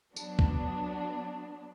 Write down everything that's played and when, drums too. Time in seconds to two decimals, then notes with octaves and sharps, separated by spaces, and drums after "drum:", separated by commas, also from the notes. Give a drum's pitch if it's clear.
0.16 F#3 B3 D4, drum: tambourine
0.39 drum: kick